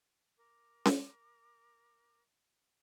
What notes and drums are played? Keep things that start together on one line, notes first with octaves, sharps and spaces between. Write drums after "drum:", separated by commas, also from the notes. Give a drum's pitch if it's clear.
A#4 D6
drum: snare C#4